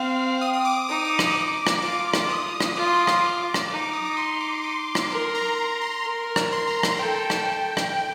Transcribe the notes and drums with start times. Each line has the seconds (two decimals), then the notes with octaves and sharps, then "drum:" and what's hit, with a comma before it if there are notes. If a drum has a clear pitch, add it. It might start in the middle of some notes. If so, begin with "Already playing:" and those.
Already playing: C4 F5
0.41 D#6
0.54 D#6
0.65 D6
0.76 D6
0.89 D#4 D#6
1.05 D6
1.19 D6, drum: rim click
1.36 D6
1.67 drum: rim click
1.82 F4 D6
2.14 drum: rim click
2.30 D#6
2.60 drum: rim click
2.76 F4 D6
2.87 C6
2.98 D6
3.07 drum: rim click
3.23 D6
3.54 drum: rim click
3.71 D#4
3.82 D6
3.93 D#6
4.05 D6
4.17 C6
4.41 D6
4.64 D6
4.95 drum: rim click
5.10 A#4 C6
5.35 A#5
5.58 A#5
5.81 C6
6.05 A#4
6.36 drum: rim click
6.52 C6
6.67 A#5
6.83 A#5, drum: rim click
6.99 A4 G5
7.30 drum: rim click
7.77 drum: rim click